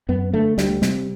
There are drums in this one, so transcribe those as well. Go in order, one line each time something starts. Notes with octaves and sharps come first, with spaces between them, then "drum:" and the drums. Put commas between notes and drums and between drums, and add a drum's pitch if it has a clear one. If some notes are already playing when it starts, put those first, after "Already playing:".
F#2 B3
D3 A3
D2 G3, drum: snare
C3, drum: snare